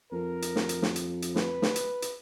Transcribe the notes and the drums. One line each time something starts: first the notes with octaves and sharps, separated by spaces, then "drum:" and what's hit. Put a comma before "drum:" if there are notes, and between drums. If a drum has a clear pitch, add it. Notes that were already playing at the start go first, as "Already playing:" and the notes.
F2 A#4
drum: hi-hat
drum: snare
drum: hi-hat
drum: snare
drum: hi-hat
drum: hi-hat
B4, drum: snare
drum: snare
drum: hi-hat
drum: hi-hat